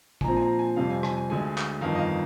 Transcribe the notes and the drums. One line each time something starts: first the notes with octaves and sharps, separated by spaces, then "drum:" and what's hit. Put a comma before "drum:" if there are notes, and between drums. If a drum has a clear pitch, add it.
G#5, drum: kick
A#1 A#2 F3 C4 A#5
G#5
A#5
G#5
F2 C3 G3 C4 F5
G#5
G#5, drum: rim click
G#5
D2 D3 G#3 G#5
drum: clap
G1 F2 D#3 F5
D#5
F5